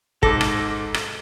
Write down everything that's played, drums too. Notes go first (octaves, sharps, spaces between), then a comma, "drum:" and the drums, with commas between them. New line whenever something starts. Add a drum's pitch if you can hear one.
G#2 A4 D6 A#6, drum: kick
drum: rim click
drum: rim click